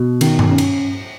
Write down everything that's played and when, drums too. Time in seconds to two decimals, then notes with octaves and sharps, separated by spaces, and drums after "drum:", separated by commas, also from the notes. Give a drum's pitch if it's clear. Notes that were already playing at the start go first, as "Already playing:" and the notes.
Already playing: B2
0.21 D#3, drum: cymbal
0.39 drum: tom G2
0.49 C#4
0.58 drum: cymbal